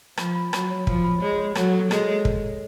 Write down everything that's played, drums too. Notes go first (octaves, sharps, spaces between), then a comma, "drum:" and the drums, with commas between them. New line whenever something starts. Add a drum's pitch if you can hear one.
F3 B5, drum: rim click
B5
F#3 B5, drum: rim click
C#5
F3 B5, drum: kick
B5
G#3 C#5
C#5
F#3 A4, drum: rim click
A4
G#3 A4, drum: rim click
C#5
drum: kick